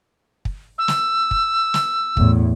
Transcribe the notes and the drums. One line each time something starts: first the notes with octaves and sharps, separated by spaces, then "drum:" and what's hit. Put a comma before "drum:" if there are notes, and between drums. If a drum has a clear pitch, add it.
drum: kick
E6
drum: snare
drum: kick
drum: snare
E2 A2, drum: kick